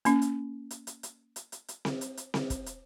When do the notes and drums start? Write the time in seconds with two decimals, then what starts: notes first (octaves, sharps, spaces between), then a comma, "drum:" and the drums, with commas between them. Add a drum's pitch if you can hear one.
0.05 A#3 C#4, drum: hi-hat
0.22 drum: hi-hat
0.71 drum: hi-hat
0.87 drum: hi-hat
1.03 drum: hi-hat
1.36 drum: hi-hat
1.52 drum: hi-hat
1.68 drum: hi-hat
1.85 drum: snare C4
2.01 drum: hi-hat
2.17 drum: hi-hat
2.34 drum: snare C4
2.50 drum: kick, hi-hat
2.66 drum: hi-hat